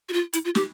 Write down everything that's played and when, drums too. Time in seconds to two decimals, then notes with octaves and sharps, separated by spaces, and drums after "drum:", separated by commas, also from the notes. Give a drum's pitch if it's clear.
0.09 F#4
0.13 F4
0.33 E4, drum: hi-hat
0.45 F4
0.55 G4, drum: snare